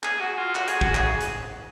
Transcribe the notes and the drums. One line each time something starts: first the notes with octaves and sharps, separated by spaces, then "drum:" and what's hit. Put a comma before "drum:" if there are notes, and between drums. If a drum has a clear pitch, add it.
G#4, drum: clap
F#4
F4
F#4, drum: clap
G#4, drum: hi-hat
F#4, drum: kick
G#4, drum: clap
drum: hi-hat